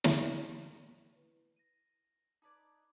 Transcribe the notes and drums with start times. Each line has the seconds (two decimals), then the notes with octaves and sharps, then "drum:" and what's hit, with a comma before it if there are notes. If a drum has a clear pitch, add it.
0.04 drum: snare
0.17 B5
1.14 E4 B4
1.56 A#6 D#7
2.42 D#4 B4 D5 A5 D6 G#6